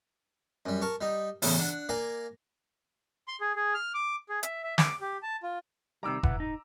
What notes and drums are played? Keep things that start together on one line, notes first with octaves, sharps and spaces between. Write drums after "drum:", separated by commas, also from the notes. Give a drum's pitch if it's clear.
F#2 G3
A#4 A5 C#6
G3 D#4
E2 A2 C#3, drum: open hi-hat
D4 F#5
A#3 D5 G#5 A#5
C6
G#4
G#4
F6
D6
G#4
E5, drum: hi-hat
E5
D6, drum: snare
G4
A5
F4
C3 D#3 G3 A#5 D6 E6
E4 B4 F#5, drum: kick F1
D#4